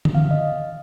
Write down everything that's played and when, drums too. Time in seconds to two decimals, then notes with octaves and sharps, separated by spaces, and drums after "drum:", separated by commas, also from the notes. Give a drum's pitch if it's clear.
0.05 drum: tom D3
0.15 F5
0.31 D#5